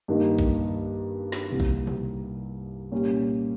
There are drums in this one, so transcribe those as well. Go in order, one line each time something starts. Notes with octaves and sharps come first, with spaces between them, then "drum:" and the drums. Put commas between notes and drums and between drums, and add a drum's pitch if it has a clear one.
G2 D#3 A#3 D#4
drum: kick A#1
drum: snare
C2 C3 G3 A#3
drum: kick A#1
drum: tom
A#2 G3 C#4